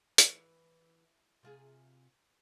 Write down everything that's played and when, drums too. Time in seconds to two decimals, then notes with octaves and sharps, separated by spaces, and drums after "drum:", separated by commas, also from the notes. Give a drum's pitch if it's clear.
0.18 E3, drum: hi-hat
1.43 C3 F4 G#4